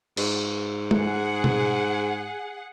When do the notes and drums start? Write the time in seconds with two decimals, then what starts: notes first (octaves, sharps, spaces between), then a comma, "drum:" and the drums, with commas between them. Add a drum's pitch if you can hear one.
0.17 G#2, drum: cymbal
0.91 G#4 F#5, drum: tom
1.44 drum: tom B2